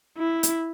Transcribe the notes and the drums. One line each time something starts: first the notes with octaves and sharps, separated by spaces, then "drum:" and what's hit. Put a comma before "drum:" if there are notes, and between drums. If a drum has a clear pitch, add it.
E4
drum: hi-hat